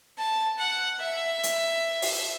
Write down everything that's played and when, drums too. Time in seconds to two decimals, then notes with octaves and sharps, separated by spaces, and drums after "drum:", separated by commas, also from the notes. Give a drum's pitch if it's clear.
0.18 A5
0.59 F#5
1.01 E5
1.43 drum: hi-hat
2.02 drum: open hi-hat